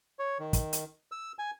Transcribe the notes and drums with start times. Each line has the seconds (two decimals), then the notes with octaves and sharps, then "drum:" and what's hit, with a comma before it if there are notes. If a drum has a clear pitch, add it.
0.19 C#5
0.39 D#3
0.53 drum: kick, hi-hat
0.73 drum: hi-hat
1.12 E6
1.39 G#5